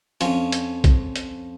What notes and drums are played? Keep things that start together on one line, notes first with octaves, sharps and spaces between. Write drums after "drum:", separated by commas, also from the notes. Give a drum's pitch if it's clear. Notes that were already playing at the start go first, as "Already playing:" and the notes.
F2 F3 C#4 F4, drum: hi-hat
drum: hi-hat
drum: kick, hi-hat
drum: hi-hat